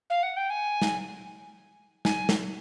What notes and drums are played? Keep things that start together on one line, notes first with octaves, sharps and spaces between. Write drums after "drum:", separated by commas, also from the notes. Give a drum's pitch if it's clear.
F5
F#5
G5
G#5
drum: snare
G#5, drum: snare
drum: snare